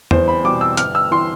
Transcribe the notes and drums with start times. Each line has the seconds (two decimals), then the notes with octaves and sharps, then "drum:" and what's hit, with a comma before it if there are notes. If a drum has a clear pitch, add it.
0.11 E2 C5, drum: tom
0.28 B5
0.44 B2 G3 D6
0.61 E6
0.77 G1 F6, drum: hi-hat
0.95 E6
1.11 E3 C6